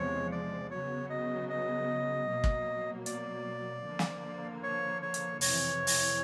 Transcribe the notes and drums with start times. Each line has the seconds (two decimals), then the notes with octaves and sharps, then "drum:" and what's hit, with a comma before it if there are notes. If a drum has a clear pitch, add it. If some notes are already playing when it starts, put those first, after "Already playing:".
Already playing: E2 C3 F3 G#3 C#5
0.32 D5
0.71 C#3 F#3 B3 C#5
1.10 D#5
1.49 D#5
2.27 B2 F#3 A#3
2.44 drum: kick
3.06 D5, drum: hi-hat
3.84 D3 F3 A#3
3.99 drum: snare
4.63 C#5
5.02 C#5
5.14 drum: hi-hat
5.41 F2 C3 E3 C#5, drum: open hi-hat
5.87 drum: open hi-hat